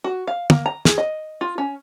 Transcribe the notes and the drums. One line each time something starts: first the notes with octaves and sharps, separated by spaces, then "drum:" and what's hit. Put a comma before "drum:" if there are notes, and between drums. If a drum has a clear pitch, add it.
F#4
F5
A#3, drum: tom
A#5
G#4, drum: snare
D#5
F4
C#4